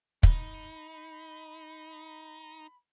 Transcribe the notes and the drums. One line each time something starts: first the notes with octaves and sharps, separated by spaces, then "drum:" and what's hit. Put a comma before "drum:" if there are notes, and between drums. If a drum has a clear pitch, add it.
D#4 B5, drum: kick